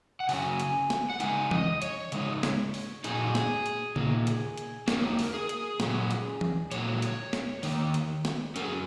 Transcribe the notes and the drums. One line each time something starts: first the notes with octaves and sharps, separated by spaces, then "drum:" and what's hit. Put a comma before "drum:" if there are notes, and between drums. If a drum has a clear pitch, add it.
F#5
C#3 F#3 C#4 G#5, drum: open hi-hat
drum: hi-hat
drum: snare
F#5
C#3 G#3 D#4 G#5, drum: hi-hat
D#5, drum: tom E3
C#5, drum: hi-hat
C#3 G#3 D#4, drum: hi-hat
drum: snare
drum: open hi-hat
A#2 F#3 D#4 G#4, drum: hi-hat
drum: snare
drum: hi-hat
A#2 A#3 D#4, drum: tom C#3
drum: hi-hat
drum: hi-hat
F#3 A#3 D#4 A#4, drum: snare
drum: open hi-hat
G#4
drum: hi-hat
A#2 F#3 C#4, drum: snare
drum: hi-hat
drum: tom E3
A#2 F#3 A#3 C#5, drum: hi-hat
drum: hi-hat
drum: snare
D#3 A#3 D#4, drum: open hi-hat
drum: hi-hat
drum: snare
F#3 C#4 A#4, drum: hi-hat
G#4